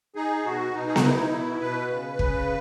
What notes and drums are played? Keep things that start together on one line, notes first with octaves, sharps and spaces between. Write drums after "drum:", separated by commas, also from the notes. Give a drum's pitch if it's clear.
D#4 G#4
B2 F#4
B2 D#4
G#4
F#4, drum: snare B3
D#4 E4
B2 E4
B2 B4
C#3
C#3, drum: kick